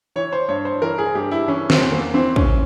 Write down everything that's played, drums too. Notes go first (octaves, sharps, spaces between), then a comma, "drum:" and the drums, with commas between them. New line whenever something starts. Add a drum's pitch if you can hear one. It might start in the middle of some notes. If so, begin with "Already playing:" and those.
E3 C#5
C5
G2 C#5
C5
E3 A#4
G#4
G2 G4
E4
E3 C#4
C4, drum: snare
E2
A#3
E3 C4
C#4, drum: kick